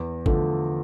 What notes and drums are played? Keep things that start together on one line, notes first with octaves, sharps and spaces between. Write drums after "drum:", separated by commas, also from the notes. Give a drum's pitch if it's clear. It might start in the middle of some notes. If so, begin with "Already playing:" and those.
Already playing: E2
D3 F3 A3, drum: kick